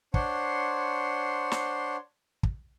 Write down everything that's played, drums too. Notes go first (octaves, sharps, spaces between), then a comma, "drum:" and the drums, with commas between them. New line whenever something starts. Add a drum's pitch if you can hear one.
D4 C5 C#5 F#5 C6, drum: kick
drum: snare
drum: kick